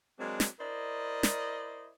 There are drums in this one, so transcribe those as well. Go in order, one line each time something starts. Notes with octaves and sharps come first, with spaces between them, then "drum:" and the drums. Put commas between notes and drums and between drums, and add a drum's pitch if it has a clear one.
F#3 G#3 A#3 C4 D4
drum: snare
E4 A#4 C5 D5 D#5
drum: snare